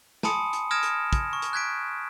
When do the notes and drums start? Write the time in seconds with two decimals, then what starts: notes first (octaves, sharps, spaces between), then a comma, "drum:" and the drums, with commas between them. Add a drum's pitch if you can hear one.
0.23 G#5 A5 B5 C6 D#6 C#7, drum: snare
0.53 drum: hi-hat
0.71 D#6 F6 G#6 A#6 D7 E7
0.83 drum: hi-hat
1.13 drum: kick, hi-hat
1.33 C#6
1.42 drum: hi-hat
1.53 F#6 G#6 B6 D7